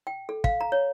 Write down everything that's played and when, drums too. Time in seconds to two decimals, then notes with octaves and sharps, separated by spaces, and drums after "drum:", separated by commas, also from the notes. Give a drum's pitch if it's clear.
0.07 G5
0.29 A4
0.44 F5, drum: kick
0.61 A#5
0.72 C#5